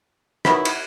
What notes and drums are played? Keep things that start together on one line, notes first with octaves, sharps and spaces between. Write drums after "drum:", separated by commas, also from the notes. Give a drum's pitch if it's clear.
D#3 F#3 B3 E4, drum: rim click
drum: cymbal